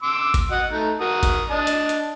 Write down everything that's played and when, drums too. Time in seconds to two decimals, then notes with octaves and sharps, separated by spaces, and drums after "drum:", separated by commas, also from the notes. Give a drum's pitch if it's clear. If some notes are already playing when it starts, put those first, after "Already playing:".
0.02 C6 D6 E6
0.34 drum: kick G#1, hi-hat
0.51 F#4 D#5 F#5
0.71 A3 D#4
1.01 F#4 A#4 D#6
1.23 drum: kick G#1, hi-hat
1.50 D4 D#5 A5
1.67 drum: hi-hat
1.89 drum: hi-hat